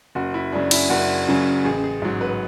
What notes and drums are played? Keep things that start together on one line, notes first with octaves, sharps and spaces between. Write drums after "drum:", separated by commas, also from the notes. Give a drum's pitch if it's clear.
F#1 F#4
E4
F#2 C#3 F#3 D4
E4, drum: cymbal
F#1 F#4
F#2 C#3 F#3
A1 G#4
G#4
G#2 F#3
B4